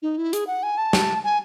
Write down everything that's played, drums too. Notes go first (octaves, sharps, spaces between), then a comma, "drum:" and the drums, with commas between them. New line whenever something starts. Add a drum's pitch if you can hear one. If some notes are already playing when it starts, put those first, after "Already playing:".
D#4
E4
G#4, drum: hi-hat
F#5
G#5
A5
drum: snare
G#5